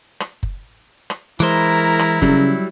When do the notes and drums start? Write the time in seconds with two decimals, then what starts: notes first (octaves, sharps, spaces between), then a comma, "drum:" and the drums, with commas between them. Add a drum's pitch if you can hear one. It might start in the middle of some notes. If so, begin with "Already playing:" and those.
0.20 drum: rim click
0.43 drum: kick F#1
1.10 drum: rim click
1.40 E3 G#3 E4 A#4 C5 A#5
1.99 drum: rim click
2.22 C#3 F#3 G3, drum: kick F#1